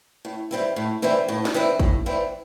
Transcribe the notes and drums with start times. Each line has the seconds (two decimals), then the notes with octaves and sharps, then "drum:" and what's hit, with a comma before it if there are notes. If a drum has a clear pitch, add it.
0.25 A2
0.51 E3 G3 C4 E4
0.76 A2
1.02 E3 G3 C4 E4
1.28 A2
1.45 drum: snare
1.54 E3 G3 C4 E4
1.80 A2, drum: kick
2.06 E3 G3 C4 E4